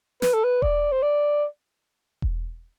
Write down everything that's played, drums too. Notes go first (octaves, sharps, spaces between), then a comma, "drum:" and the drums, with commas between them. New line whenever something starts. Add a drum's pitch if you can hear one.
B4, drum: snare
A4
B4
D5, drum: kick E1
C5
D5
drum: kick E1